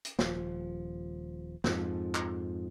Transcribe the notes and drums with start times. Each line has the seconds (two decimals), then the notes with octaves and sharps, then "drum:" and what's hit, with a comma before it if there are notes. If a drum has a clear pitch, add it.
0.05 drum: hi-hat
0.19 D#1 F3, drum: snare
1.64 F2 G#2 F3, drum: snare
2.15 drum: clap